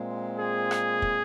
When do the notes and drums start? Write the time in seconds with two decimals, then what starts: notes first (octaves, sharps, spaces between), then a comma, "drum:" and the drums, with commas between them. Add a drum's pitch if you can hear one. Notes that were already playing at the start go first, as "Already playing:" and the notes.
Already playing: A#2 G#3 C4
0.39 G#4
0.71 drum: rim click
1.02 drum: kick